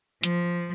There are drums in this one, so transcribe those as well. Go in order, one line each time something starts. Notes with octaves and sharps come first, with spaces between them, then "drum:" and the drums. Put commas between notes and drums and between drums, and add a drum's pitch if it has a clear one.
F3, drum: hi-hat